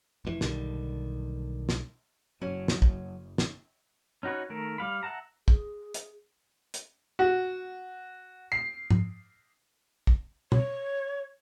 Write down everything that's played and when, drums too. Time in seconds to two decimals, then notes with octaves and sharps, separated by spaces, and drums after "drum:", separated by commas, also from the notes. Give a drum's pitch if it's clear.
0.25 F1 A#2 E3
0.41 B1 D3 D#3 G3, drum: snare
1.69 drum: snare
2.41 F#1 F#3 C#4 C#5
2.68 drum: snare
2.82 drum: kick
3.38 drum: snare
4.23 C#4 D#4 F#4 B4 C#5
4.50 D#3 A3 A#4
4.78 G3 F5 B5
5.03 E5 F#5 A5 A#5
5.48 G#4, drum: kick
5.94 drum: hi-hat
6.74 drum: hi-hat
7.19 F#4
8.52 C7
8.91 drum: tom G#2
10.07 drum: kick
10.52 C#5, drum: tom